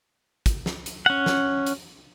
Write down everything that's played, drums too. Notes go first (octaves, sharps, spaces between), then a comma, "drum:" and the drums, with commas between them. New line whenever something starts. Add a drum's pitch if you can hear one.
drum: kick, hi-hat
drum: snare
drum: hi-hat
C#4 F#5
drum: snare
drum: hi-hat